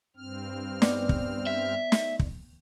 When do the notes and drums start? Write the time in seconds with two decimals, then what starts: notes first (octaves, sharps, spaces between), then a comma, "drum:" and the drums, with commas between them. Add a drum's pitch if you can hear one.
0.16 G2 C4 F6
0.82 B3 D5, drum: snare
1.09 drum: kick
1.47 E5
1.92 drum: snare
2.19 drum: kick